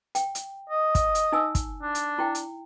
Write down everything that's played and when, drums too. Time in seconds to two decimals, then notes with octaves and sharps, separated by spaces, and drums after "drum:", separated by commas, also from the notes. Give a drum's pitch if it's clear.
0.15 G5, drum: hi-hat
0.35 drum: hi-hat
0.69 D#5
0.95 drum: kick, hi-hat
1.15 drum: hi-hat
1.32 D#4 G#5 E6
1.55 drum: kick, hi-hat
1.82 D4
1.95 drum: hi-hat
2.19 E4 G5
2.35 drum: hi-hat